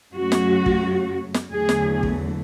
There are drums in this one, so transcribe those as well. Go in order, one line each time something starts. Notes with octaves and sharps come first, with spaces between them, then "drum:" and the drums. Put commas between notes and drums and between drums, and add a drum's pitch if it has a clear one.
F#2 C#3 F#3 A3 F#4
drum: snare
drum: kick
drum: snare
E2 D3 F#3 A3 G#4
drum: snare
drum: kick